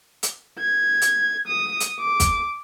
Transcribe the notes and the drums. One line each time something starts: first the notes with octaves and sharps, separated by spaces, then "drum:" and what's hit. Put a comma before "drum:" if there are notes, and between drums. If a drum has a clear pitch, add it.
drum: hi-hat
G#6
drum: hi-hat
D#6
drum: hi-hat
D6
drum: kick, hi-hat